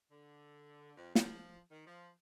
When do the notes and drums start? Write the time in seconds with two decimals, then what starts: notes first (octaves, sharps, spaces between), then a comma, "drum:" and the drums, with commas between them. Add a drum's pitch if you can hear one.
0.11 D3
0.97 F2
1.15 F3, drum: snare
1.71 D#3
1.87 F3